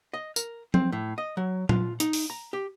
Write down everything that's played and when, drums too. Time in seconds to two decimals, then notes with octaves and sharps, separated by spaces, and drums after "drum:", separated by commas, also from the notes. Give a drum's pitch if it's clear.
0.14 D#5
0.36 A#4, drum: tambourine
0.74 C4, drum: tom F3
0.92 A2
1.18 D#5
1.37 F#3
1.69 F4, drum: tom A#2
2.00 D#4, drum: hi-hat
2.13 drum: open hi-hat
2.30 A#5
2.53 G4